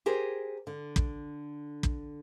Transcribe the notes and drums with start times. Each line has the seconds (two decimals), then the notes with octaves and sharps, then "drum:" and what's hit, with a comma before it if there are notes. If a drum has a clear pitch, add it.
0.06 G4 G#4 A#4 C5
0.67 D3
0.96 drum: kick
1.83 drum: kick